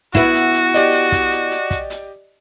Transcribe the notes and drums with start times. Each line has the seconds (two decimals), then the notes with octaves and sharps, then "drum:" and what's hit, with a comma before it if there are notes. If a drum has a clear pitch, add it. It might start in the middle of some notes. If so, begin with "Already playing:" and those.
0.15 B3 E4 F#4, drum: kick, hi-hat
0.34 drum: hi-hat
0.54 drum: hi-hat
0.74 G4 D5 D#5, drum: hi-hat
0.93 drum: hi-hat
1.12 drum: kick, hi-hat
1.32 drum: hi-hat
1.51 drum: hi-hat
1.71 drum: kick, hi-hat
1.90 drum: hi-hat